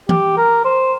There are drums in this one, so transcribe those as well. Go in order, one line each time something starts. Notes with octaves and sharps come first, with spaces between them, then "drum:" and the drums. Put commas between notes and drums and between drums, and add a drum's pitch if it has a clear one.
G4, drum: tom E3
A#4
C5